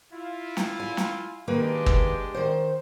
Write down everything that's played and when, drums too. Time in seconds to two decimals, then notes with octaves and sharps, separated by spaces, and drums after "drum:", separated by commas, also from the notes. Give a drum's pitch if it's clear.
0.13 E4 F4
0.57 drum: snare
0.79 G#5
0.97 drum: snare
1.48 D#3 G#3 A#3 D4 G4 B4
1.86 drum: kick
2.34 D#3 C5